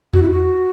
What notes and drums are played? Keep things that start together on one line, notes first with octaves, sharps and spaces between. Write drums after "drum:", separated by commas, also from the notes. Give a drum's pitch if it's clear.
F#4, drum: tom E2
E4
F#4